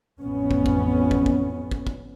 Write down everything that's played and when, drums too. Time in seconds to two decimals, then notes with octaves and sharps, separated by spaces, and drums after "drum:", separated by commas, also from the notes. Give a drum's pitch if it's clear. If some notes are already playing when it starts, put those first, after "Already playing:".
0.20 A1 F2 B3 C#4
0.51 drum: kick
0.66 drum: kick
1.11 drum: kick
1.26 drum: kick
1.71 drum: kick
1.87 drum: kick